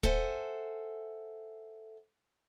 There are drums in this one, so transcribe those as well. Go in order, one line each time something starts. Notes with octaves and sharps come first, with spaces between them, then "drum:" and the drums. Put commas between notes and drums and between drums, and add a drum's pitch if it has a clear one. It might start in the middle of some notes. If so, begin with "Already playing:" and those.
A4 C5 E5 F#5 G#5, drum: kick